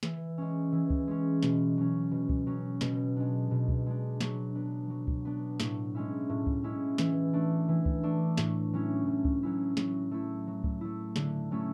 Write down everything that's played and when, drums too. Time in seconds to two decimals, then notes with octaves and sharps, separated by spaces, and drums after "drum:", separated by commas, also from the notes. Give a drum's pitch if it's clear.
0.03 E3, drum: snare
0.38 G#3 C#4
0.72 E3
0.90 drum: kick C#2
1.07 G#3 C#4
1.43 B2, drum: snare
1.77 F#3 C#4
2.11 B2
2.29 drum: kick C#2
2.47 F#3 C#4
2.81 B2, drum: snare
3.16 G#3 D4
3.51 B2
3.68 drum: kick C#2
3.86 G#3 D4
4.21 F#3, drum: snare
4.55 B3 D4
4.90 F#3
5.08 drum: kick C#2
5.25 B3 D4
5.60 A2, drum: snare
5.95 G#3 C#4 E4
6.29 A2
6.47 drum: kick C#2
6.64 G#3 C#4 E4
6.98 E3, drum: snare
7.33 A3 D4
7.69 E3
7.86 drum: kick C#2
8.03 A3 D4
8.37 A2, drum: snare
8.73 F#3 C#4 E4
9.07 A2
9.25 drum: kick C#2
9.43 F#3 C#4 E4
9.77 F#3, drum: snare
10.11 A3 E4
10.47 F#3
10.64 drum: kick C#2
10.81 A3 E4
11.16 D3, drum: snare
11.51 F#3 A3 C#4 E4